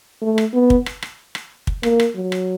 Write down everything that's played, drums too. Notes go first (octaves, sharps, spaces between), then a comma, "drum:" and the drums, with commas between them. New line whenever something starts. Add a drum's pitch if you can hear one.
A3
drum: rim click
B3
drum: kick
drum: rim click
drum: rim click
drum: rim click
drum: kick
A#3, drum: rim click
drum: rim click
F#3
drum: rim click